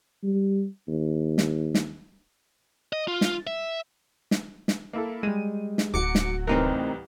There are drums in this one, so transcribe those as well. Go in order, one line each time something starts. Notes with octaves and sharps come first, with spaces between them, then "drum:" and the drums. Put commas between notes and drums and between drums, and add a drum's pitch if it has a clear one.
G3
D#2
drum: snare
drum: snare
D#5
F4
drum: snare
E5
drum: snare
drum: snare
A#3 E4 A4
G3 G#3 D#7
drum: snare
D1 F#3 F#4 D6 C#7
drum: snare
C2 A2 E3 C4 D#4 A#4